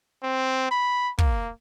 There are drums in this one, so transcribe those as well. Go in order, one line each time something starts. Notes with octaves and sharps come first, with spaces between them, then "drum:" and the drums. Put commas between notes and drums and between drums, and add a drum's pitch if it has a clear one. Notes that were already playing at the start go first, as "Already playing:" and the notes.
C4
B5
A#3, drum: kick